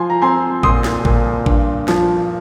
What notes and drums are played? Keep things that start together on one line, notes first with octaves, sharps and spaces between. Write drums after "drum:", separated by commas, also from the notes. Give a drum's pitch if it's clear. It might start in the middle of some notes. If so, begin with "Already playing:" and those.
Already playing: F3 G#5 C6
A#5
C4 G#5 C6
A#2 C6 D#6, drum: kick A1
drum: snare
A#2, drum: kick A1
G2, drum: kick A1
F3, drum: snare